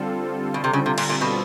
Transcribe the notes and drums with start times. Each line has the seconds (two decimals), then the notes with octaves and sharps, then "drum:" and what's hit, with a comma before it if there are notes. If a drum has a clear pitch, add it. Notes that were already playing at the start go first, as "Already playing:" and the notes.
Already playing: D3 G3 C4 F4 A4
0.54 B2
0.64 C3
0.73 C#3
0.86 C3
0.98 A#2, drum: cymbal
1.10 A#2
1.21 B2